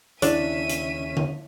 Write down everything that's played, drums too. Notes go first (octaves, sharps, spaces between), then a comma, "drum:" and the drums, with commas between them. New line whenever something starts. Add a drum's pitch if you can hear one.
D#2 C#3 C#4 D4 E4 E5 D#7, drum: hi-hat
drum: hi-hat
drum: tom D3